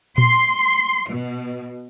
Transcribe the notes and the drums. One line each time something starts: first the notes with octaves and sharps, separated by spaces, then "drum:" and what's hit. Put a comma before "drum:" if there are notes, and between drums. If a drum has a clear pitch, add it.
C6, drum: tom A#2
B2